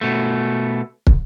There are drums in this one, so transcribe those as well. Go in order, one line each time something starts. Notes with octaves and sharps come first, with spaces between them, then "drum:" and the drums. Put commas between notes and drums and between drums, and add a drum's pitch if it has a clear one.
B2 A3
drum: kick